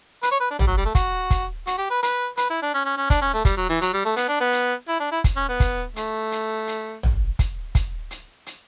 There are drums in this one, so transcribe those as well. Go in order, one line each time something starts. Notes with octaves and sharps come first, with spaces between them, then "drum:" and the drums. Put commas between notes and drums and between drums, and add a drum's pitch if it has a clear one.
B4, drum: hi-hat
C#5
B4
D4
G3, drum: tom
F#3
G3
A3
F#4, drum: kick, hi-hat
drum: kick, hi-hat
F#4, drum: hi-hat
G4
B4
B4, drum: hi-hat
B4, drum: hi-hat
E4
D4
C#4
C#4
C#4
D4, drum: kick, hi-hat
C#4
A3
G3, drum: kick, hi-hat
F#3
E3
F#3, drum: hi-hat
G3
A3
B3, drum: hi-hat
D4
B3
drum: hi-hat
E4
D4
E4
drum: kick, hi-hat
C#4
B3
drum: kick, hi-hat
A3, drum: hi-hat
drum: hi-hat
drum: hi-hat
drum: tom
drum: kick, hi-hat
drum: kick, hi-hat
drum: hi-hat
drum: hi-hat